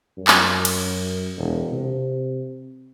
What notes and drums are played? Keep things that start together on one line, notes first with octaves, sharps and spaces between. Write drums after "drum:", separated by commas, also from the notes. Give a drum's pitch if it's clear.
F#2
drum: clap
drum: cymbal
E1
C3